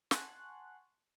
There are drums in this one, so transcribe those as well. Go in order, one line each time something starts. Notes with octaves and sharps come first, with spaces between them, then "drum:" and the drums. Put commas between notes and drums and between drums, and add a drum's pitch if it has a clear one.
F#5 G#5 A5 C6 C#6 F#6, drum: snare